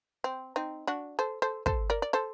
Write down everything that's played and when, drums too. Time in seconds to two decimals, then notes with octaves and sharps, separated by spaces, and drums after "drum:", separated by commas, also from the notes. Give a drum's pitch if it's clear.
0.24 C4
0.56 C4 D#4
0.87 D4 F#4
1.19 A4 C5
1.42 A4 C5
1.66 A4 C5, drum: kick
1.90 A#4 D5
2.02 D5
2.13 A4 C5